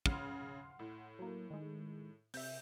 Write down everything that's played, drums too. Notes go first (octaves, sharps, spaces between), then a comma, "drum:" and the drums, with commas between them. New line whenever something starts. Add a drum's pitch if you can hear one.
C#3 F#5 C6 F6, drum: kick
A2
F#3 A#3
D#3 G#3
C3 E5 G6, drum: open hi-hat